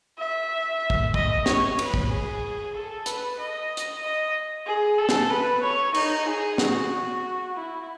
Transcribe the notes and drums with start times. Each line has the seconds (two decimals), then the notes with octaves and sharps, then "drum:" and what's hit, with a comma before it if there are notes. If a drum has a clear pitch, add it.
0.18 E5
0.90 drum: kick
1.14 D#5, drum: kick
1.46 C#5, drum: snare
1.79 B4, drum: cymbal
1.94 drum: kick
2.10 G#4
2.74 A4
3.06 B4, drum: hi-hat
3.38 D#5
3.77 drum: hi-hat
4.02 D#5
4.66 G#4
4.98 A4
5.09 drum: snare
5.30 B4
5.62 C#5
5.94 D#4, drum: cymbal
6.26 G#4
6.58 F#4, drum: snare
7.55 E4